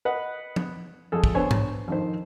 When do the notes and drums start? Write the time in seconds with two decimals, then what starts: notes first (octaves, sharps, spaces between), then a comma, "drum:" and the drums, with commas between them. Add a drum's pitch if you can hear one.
0.05 B4 D#5 F#5
0.56 drum: tom
1.12 F2 G#4 A4
1.24 drum: kick
1.35 B3 D4 C5 C#5 G#5
1.51 drum: tom G#2
1.88 F2 D#3 C5